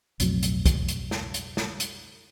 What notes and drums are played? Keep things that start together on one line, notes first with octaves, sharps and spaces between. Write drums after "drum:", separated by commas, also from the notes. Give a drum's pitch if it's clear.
B1 F2 A2 F#3, drum: hi-hat
drum: hi-hat
drum: kick, hi-hat
drum: hi-hat
drum: snare
drum: hi-hat
drum: snare
drum: hi-hat